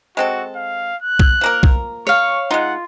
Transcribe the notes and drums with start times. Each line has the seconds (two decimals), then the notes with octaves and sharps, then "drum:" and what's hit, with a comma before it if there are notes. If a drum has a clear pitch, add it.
0.17 G#3 C4 F#4 A4
0.56 F5
1.02 F#6
1.19 drum: kick B1
1.41 F3 A#3 A#4
1.63 drum: kick B1
2.07 C#5 F5 C#6
2.51 G#3 D#4 F4 F#5